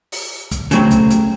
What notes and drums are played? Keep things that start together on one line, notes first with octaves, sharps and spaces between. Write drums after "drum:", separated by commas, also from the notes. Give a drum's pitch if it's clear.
drum: open hi-hat
drum: kick, hi-hat
C#3 F#3 A3 C4, drum: hi-hat
drum: kick, hi-hat
drum: hi-hat